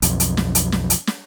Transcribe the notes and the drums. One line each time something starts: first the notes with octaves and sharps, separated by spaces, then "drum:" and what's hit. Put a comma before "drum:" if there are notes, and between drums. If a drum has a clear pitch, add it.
B1 F2, drum: hi-hat
drum: hi-hat
drum: snare
drum: hi-hat
drum: snare
drum: hi-hat
drum: snare